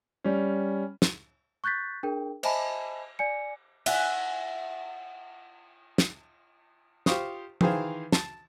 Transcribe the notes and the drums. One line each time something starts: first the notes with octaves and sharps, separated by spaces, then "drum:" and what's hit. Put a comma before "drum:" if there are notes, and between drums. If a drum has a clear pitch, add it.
G3 C#4
drum: snare
C#6 F#6 G6 A6 B6
D4 G#4 A#4 G5
C5 D#5 E5 G#5 A5 B5, drum: cymbal
D5 G#5 C#7
E5 F#5 G#5, drum: cymbal
drum: snare
F4 G4 C5 F5 C#6 D#6, drum: snare
D#3 E3 G#4 C5 F5, drum: tom
A5, drum: snare